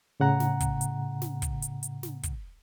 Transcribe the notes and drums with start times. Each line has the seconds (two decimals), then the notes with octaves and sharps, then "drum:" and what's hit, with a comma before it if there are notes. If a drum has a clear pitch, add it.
0.20 A2 C#3 F#5 A#5
0.40 drum: snare
0.60 drum: kick, hi-hat
0.81 drum: hi-hat
1.22 drum: snare
1.42 drum: kick, hi-hat
1.62 drum: hi-hat
1.83 drum: hi-hat
2.03 drum: snare
2.23 drum: kick, hi-hat